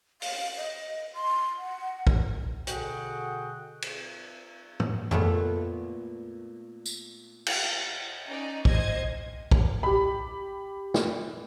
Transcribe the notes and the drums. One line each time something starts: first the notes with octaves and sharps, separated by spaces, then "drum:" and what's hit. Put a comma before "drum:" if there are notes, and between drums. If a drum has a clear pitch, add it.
F5, drum: open hi-hat
D#5
C6
F#5
drum: kick
B2 D3 F#4 G#4 F#5 G5, drum: hi-hat
drum: cymbal
drum: tom
A#2 A3 B3, drum: tom F2
drum: tambourine
drum: cymbal
C#4 D#4 D5
C5 D#5 G#6, drum: kick
drum: kick
G4 B5
drum: snare